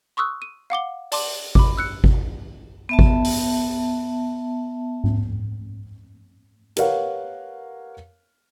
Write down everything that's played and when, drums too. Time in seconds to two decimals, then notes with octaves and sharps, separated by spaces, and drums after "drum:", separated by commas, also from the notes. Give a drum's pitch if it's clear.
0.17 C6 C#6 D#6 E6 F#6
0.42 D#7
0.70 F5 F#5 D6 G7
1.12 D5 A5 C6 D6, drum: open hi-hat
1.55 B5 D6, drum: kick G#1
1.77 E6 F#6 C#7
2.04 drum: kick G#1
2.89 B3 E5 A5
2.99 drum: kick G#1
3.24 drum: open hi-hat
5.04 drum: tom G#2
6.76 G4 A#4 B4 C#5 F5 F#5, drum: hi-hat